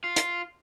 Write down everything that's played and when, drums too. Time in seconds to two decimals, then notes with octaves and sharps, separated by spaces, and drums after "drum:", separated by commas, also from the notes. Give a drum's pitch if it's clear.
0.04 F4
0.16 drum: hi-hat